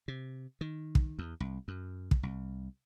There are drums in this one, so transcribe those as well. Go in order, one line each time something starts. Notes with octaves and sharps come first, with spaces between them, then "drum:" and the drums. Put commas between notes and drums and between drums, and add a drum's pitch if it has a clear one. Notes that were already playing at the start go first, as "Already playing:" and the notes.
C3
D#3
drum: kick
E2
C2
F#2
drum: kick
C2